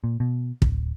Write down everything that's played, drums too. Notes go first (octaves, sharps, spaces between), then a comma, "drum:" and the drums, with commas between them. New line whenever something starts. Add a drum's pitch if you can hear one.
A#2
B2
D1, drum: kick